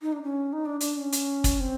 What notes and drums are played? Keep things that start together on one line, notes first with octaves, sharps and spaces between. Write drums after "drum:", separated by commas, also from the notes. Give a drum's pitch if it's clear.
D#4
D4
C#4
D#4
D4
D4, drum: hi-hat
C#4
drum: hi-hat
drum: kick, hi-hat
C4